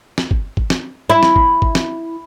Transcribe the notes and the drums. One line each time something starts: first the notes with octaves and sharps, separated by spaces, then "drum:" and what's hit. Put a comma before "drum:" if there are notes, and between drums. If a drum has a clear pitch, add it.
drum: snare
drum: kick
drum: kick
drum: snare
E4
drum: snare
drum: kick
drum: kick
drum: snare